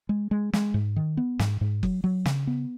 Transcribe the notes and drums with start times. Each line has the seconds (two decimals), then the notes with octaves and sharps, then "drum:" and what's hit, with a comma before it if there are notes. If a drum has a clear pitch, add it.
0.09 G#3
0.31 G#3
0.53 G#3, drum: snare
0.74 G#2
0.96 D#3
1.17 B3
1.39 G#2, drum: snare
1.61 G#2
1.83 F#3, drum: kick F#1
2.04 F#3
2.26 C#3, drum: snare
2.47 B3